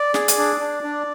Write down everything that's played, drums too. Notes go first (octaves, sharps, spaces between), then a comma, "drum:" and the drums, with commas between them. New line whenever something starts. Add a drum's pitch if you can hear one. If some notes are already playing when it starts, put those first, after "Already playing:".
Already playing: D5
G#4, drum: snare
drum: hi-hat
D4
D4
D4